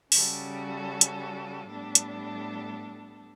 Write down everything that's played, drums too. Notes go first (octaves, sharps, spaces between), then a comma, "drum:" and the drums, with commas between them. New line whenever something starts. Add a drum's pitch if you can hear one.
C#3 G3 C#4 F#4 A4, drum: open hi-hat
drum: hi-hat
A2 G3 B3 D4 A4
drum: hi-hat